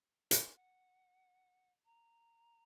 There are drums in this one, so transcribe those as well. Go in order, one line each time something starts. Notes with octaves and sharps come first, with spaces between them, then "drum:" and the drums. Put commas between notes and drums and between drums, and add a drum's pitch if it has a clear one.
A#5, drum: hi-hat
G#5
F#5
A#5